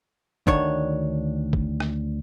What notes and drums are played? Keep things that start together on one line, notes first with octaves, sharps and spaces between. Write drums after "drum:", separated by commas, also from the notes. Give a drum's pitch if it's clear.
D2 D#3 D4 C#5, drum: kick
drum: kick
drum: rim click